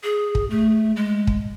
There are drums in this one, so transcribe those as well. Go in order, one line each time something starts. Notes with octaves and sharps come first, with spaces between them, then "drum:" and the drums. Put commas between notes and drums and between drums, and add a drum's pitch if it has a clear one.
G#4
drum: kick
A3
G#3
drum: kick